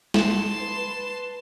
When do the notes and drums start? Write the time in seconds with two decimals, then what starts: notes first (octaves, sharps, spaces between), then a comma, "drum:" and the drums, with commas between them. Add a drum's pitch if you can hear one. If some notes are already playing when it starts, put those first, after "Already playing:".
0.14 A5 C6, drum: snare
0.61 B4